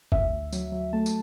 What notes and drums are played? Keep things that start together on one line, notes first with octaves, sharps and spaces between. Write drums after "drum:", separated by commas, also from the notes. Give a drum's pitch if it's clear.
D2 E5, drum: kick G1
D2
F#3, drum: tambourine
F#3
A3 A5
drum: tambourine